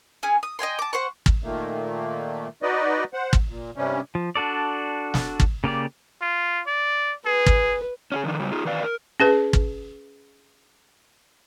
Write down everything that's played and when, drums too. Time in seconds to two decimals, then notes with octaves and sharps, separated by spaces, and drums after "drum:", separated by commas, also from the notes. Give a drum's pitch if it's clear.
0.23 C#4 G#4
0.43 D#6
0.59 D#5 G5 G#5 C6
0.79 A5 D6
0.93 C5 F#5 C#6
1.26 drum: kick
1.44 A#2 D#3 A3 A#3
2.62 D#4 F#4 B4 D5 D#5
3.13 C5 F#5
3.33 drum: kick
3.49 A#2
3.76 G2 C3 G3 C#4
4.15 F3
4.35 D4 F#4 A4 D5
5.14 drum: snare
5.40 drum: kick
5.64 C#3 A#3 G4 D5
6.22 F4
6.67 D5
7.26 G#4 B4
7.46 drum: kick
8.12 C#4 F#4 G#4
8.24 D3 D#3 F3 D4
8.40 C#3 F#3 G3
8.52 D#4 F4 G#4
8.65 D#3 E3 B4 D5 F5
8.83 A#4
9.20 C#4 G#4 B4
9.53 drum: kick